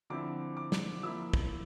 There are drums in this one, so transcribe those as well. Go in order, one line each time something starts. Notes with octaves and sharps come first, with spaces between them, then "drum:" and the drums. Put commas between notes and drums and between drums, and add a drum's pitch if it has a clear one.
D3 F3 C4 E4 D6
D6
drum: snare
F3 A#3 E4 E6
drum: kick